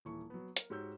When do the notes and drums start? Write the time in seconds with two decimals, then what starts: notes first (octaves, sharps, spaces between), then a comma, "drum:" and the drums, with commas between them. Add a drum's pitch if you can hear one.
0.05 D#1 E3 C#6
0.30 F#3 B3
0.57 A#4, drum: hi-hat
0.70 G#2 F#4 G4 C#5 E6 G6